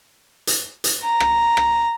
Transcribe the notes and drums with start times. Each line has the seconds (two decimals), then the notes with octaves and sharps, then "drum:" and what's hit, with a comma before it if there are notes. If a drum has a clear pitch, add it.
0.47 drum: hi-hat
0.84 drum: hi-hat
1.02 A#5
1.20 drum: rim click
1.57 drum: rim click